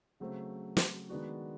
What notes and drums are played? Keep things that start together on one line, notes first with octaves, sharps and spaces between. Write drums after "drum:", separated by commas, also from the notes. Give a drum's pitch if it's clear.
C#3 F#3 A3 C4
drum: snare
D#3 G#3 B3 D4 F#4